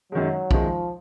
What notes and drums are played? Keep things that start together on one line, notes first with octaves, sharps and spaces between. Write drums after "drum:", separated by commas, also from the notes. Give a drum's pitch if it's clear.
F#2 D#3 F#3 G#3
F#2 D#3 F3 G#3, drum: kick